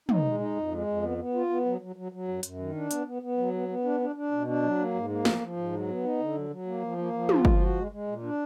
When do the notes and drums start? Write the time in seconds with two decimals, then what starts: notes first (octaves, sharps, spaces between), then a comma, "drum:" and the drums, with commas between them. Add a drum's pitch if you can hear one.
0.09 D#4, drum: tom
0.25 G#3
0.40 D#4
0.56 F2
0.71 G#3
0.87 F2
1.02 B3
1.18 B3
1.34 F4
1.50 B3
1.65 F#3
1.81 F#3
1.96 F#3
2.12 F#3
2.28 F#2
2.43 F#2, drum: hi-hat
2.59 D#3
2.75 D4
2.91 B3, drum: hi-hat
3.06 B3
3.22 B3
3.37 F#3
3.53 B3
3.68 B3
3.84 D4
4.00 D4
4.16 D4
4.32 B2
4.47 D4
4.63 F#3
4.78 A#3
4.94 G#2
5.10 A#3
5.25 F3, drum: snare
5.41 F3
5.56 G#2
5.73 F#3
5.88 B3
6.04 D#4
6.19 D3
6.35 F#3
6.50 F#3
6.66 A#3
6.82 F3
6.98 A#3
7.13 F3
7.29 F4, drum: tom
7.45 F3, drum: kick
7.60 F#4
7.76 G#3
7.92 G#3
8.07 A#2
8.23 D4